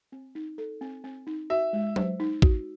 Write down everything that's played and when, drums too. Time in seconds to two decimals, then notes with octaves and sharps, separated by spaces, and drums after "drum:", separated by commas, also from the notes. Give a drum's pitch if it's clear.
0.12 C4
0.35 D#4
0.58 A4
0.81 C4
1.04 C4
1.27 D#4
1.50 F#4 E5
1.73 G#3
1.96 C5, drum: tom F#3
2.20 D#4
2.42 F#4, drum: kick A1